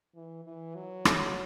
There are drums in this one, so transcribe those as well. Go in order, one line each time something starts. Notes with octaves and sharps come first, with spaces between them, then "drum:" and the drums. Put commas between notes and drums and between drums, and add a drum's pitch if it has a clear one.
E3
E3
F#3
drum: rim click